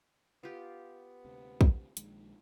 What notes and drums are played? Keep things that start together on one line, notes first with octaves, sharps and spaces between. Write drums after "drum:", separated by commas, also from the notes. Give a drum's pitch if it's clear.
B3 F4 G4
D2 C3
drum: kick
A#1 D#3 G#3, drum: hi-hat